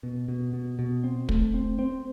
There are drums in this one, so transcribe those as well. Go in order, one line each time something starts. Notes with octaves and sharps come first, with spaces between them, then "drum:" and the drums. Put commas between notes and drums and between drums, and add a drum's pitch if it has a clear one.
B2
B2
B2
B2
C4
A3, drum: kick
C4
C4